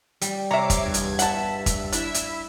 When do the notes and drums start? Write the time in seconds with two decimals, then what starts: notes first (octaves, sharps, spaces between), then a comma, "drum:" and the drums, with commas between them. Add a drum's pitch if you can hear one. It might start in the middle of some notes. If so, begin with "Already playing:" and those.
0.21 G3, drum: hi-hat
0.51 C3 C#5 E5 A#5 D6 C7
0.70 drum: kick, hi-hat
0.82 E2 G2 G#6
0.94 drum: hi-hat
1.19 E5 F#5 A5, drum: hi-hat
1.66 drum: kick, hi-hat
1.92 D4 E4 E5, drum: hi-hat
2.14 drum: hi-hat